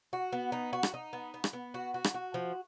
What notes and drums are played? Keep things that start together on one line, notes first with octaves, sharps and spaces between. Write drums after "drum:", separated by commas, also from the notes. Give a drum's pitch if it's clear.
F#4
B3
D#4
F#4
drum: rim click
D#4
B3
B3
drum: rim click
B3
F#4
F#4
drum: rim click
F#4
F3